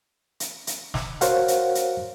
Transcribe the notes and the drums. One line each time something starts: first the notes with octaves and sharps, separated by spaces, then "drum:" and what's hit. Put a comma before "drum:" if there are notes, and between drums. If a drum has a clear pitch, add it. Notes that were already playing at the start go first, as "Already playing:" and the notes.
drum: hi-hat
drum: hi-hat
drum: snare
F#4 A#4 C5 C#5 F5 F#5, drum: hi-hat
drum: hi-hat
drum: hi-hat